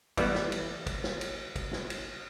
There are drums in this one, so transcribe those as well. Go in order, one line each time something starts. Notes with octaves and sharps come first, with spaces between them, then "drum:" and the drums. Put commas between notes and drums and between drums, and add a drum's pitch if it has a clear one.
E3 G3 A3 B3 F#5, drum: kick, cymbal
drum: snare
drum: cymbal
drum: kick, cymbal
drum: snare
drum: cymbal
drum: kick, cymbal
drum: snare
drum: cymbal